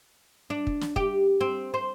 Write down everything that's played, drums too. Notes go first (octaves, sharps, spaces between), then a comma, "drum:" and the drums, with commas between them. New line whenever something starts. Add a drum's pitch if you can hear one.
D4
drum: kick
drum: snare
G4, drum: kick
C4
C5